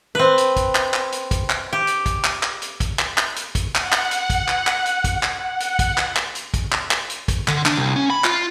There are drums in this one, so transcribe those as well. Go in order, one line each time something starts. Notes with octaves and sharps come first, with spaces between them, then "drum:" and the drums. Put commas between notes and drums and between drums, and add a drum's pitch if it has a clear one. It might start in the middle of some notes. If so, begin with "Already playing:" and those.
C4 B4
drum: hi-hat
drum: kick, hi-hat
drum: clap
drum: clap
drum: hi-hat
drum: kick, hi-hat
drum: clap
G4
drum: hi-hat
drum: kick, hi-hat
drum: clap
drum: clap
drum: hi-hat
drum: kick, hi-hat
drum: clap
drum: clap
drum: hi-hat
drum: kick, hi-hat
F#5, drum: clap
drum: clap
drum: hi-hat
drum: kick, hi-hat
drum: clap
drum: clap
drum: hi-hat
drum: kick, hi-hat
drum: clap
F#5
drum: hi-hat
drum: kick, hi-hat
drum: clap
drum: clap
drum: hi-hat
drum: kick, hi-hat
drum: clap
drum: clap
drum: hi-hat
drum: kick, hi-hat
D3, drum: clap
D4, drum: clap
C2
C#4
B5
F4, drum: clap